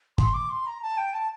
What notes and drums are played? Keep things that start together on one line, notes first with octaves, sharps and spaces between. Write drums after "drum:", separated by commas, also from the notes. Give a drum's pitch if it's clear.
C6, drum: kick
D6
C6
A#5
A5
G5
A5